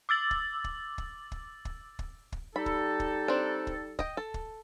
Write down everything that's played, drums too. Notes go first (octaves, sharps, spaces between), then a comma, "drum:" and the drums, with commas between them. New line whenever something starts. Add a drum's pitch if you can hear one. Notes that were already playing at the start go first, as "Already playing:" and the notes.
D6 E6 A6 F#7
drum: kick
drum: kick
drum: kick
drum: kick
drum: kick
drum: kick
drum: kick
G3 D#4 A4 B5
drum: kick
drum: kick
C4 D4
drum: kick
D#5 G5, drum: kick
A4
drum: kick